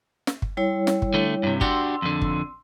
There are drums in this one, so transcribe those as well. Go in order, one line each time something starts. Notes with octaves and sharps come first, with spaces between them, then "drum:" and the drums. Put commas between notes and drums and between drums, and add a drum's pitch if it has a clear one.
drum: snare
drum: kick
G3 E4 C#5
drum: snare
drum: kick
D3 A3
G2 C3
D4 F#4 G4 C6 E6, drum: kick
F2 D3
drum: kick